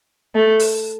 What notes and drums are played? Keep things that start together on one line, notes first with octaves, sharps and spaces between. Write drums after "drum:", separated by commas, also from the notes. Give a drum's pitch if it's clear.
A3
drum: open hi-hat